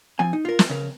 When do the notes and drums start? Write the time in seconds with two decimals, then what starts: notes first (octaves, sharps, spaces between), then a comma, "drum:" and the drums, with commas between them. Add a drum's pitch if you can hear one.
0.19 F3 C4 G#5
0.33 D#4
0.45 F4 A#4
0.59 drum: snare
0.70 C#3 A#4